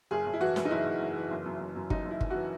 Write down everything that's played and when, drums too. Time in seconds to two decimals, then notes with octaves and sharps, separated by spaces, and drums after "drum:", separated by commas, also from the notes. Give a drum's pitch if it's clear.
0.11 F#1 G#4
0.26 F#1
0.33 E4
0.41 E3 F#4
0.56 F#1, drum: snare
0.65 D#4
0.71 F#1 E4
0.86 F#1
1.01 F#1
1.15 E3
1.31 F#1
1.46 F#2
1.60 F#1
1.76 F#2
1.90 F#1 D#4, drum: kick
2.05 F#1
2.11 E4
2.21 F#1, drum: kick
2.30 F#4
2.35 E3